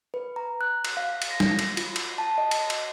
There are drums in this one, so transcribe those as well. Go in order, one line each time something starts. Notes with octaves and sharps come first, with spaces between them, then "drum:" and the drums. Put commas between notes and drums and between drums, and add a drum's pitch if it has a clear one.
B4
A#5
F#6
drum: cymbal
F5
drum: cymbal
A#6
drum: snare
drum: cymbal
F4, drum: cymbal
drum: cymbal
A5
D#5
drum: cymbal
drum: cymbal